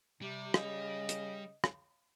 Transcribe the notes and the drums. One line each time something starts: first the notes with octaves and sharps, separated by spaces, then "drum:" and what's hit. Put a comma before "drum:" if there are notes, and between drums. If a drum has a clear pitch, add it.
C3 G3
C#3 D#5, drum: rim click
drum: hi-hat
drum: rim click